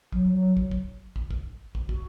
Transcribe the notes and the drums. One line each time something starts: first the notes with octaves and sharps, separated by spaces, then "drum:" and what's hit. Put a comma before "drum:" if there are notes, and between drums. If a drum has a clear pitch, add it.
F#3, drum: kick
F#3
drum: kick
drum: kick
drum: kick
drum: kick
drum: kick
F#4, drum: kick